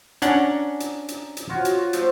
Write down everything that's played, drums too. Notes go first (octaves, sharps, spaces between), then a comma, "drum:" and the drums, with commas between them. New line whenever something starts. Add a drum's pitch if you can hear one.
C#4 D4 F#5 A#5, drum: hi-hat
drum: hi-hat
drum: hi-hat
drum: hi-hat
F4 F#4 C#5
drum: hi-hat
F3 A3, drum: hi-hat